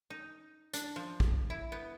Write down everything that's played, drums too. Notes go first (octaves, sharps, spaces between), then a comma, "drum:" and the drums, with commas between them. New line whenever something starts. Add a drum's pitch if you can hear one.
D#4
D4, drum: hi-hat
F3
drum: kick
E4
B3